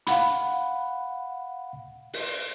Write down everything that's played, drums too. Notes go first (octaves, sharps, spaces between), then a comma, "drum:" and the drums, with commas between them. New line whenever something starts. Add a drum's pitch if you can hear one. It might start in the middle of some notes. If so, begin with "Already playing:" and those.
F5 F#5 B5, drum: hi-hat
drum: open hi-hat